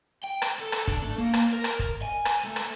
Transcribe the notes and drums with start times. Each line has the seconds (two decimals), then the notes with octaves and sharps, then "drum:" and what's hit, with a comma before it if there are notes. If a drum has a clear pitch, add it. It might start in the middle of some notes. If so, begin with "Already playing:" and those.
0.24 G5
0.42 drum: rim click
0.59 A4
0.72 drum: rim click
0.88 D4, drum: kick
1.02 A3
1.18 A#3
1.33 drum: rim click
1.52 A#4
1.64 drum: rim click
1.79 drum: kick
2.02 G#5
2.25 drum: rim click
2.45 A3
2.56 drum: rim click